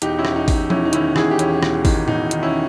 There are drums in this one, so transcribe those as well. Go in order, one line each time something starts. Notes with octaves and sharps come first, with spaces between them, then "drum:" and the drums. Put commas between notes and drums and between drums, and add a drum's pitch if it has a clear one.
E1 D#4 G4, drum: hi-hat
C#4 E4
E1, drum: rim click
D#4
E1, drum: kick, open hi-hat
D#4
E1 C#4 E4, drum: tom F3
D#4
D#3 C#4 E4, drum: hi-hat
E2 E4 G#4, drum: rim click
G4
E1 C#4 E4, drum: hi-hat
E1, drum: rim click
D#3, drum: kick, open hi-hat
E2 D#4, drum: tom A2
D#3, drum: hi-hat
C#4 E4